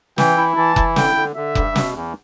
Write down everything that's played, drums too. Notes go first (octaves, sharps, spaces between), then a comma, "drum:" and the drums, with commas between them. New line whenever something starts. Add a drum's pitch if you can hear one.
E3 G5, drum: snare
E4
E3 A5
E4, drum: kick F1
D3 G5, drum: snare
D3
D3 E5
G2, drum: kick F1
B2, drum: snare
E2